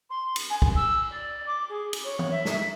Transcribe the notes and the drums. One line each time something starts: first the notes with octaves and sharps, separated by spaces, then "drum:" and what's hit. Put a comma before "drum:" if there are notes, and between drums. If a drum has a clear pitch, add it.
C6
drum: cymbal
G#5
drum: kick
E6
D5
D6
G#4
drum: cymbal
C#5
drum: tom E3
E5
drum: snare